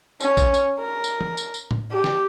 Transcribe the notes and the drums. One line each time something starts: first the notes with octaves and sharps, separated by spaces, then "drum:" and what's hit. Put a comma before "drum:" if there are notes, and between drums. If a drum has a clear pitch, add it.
C#4, drum: tambourine
drum: kick A1, tambourine
drum: tambourine
A#4
drum: tambourine
drum: tom
drum: tambourine
drum: tambourine
drum: tom A2
G4
drum: snare